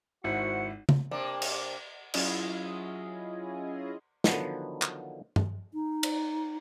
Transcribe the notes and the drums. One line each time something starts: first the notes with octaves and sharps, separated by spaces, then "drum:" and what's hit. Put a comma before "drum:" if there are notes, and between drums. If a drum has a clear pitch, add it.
G#1 E4 F#4 C5 F#5 C#7
drum: tom
C3 A#3 D4
drum: cymbal
F#3 C#4 E4 F4 G#4 D#5, drum: cymbal
D3 D#3 F3 F#3 B3, drum: snare
drum: clap
drum: tom
D#4
drum: cymbal